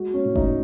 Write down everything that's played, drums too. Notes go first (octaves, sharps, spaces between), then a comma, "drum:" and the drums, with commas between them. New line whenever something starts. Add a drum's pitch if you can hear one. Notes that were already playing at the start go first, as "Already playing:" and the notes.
Already playing: G#3 F#4
C#4
A2
D#4, drum: kick F#1